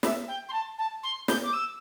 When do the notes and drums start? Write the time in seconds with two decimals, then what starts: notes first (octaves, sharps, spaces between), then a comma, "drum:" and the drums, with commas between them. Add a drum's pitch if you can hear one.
0.03 E5, drum: snare
0.28 G5
0.48 C6
0.52 A5
0.78 A5
1.03 C6
1.28 G6, drum: snare
1.43 D6
1.53 E6